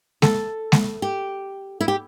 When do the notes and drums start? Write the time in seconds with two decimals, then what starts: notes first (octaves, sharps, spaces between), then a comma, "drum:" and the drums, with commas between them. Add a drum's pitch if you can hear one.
0.22 A4, drum: snare G#3
0.72 drum: snare G#3
1.02 G4
1.81 E4
1.88 G4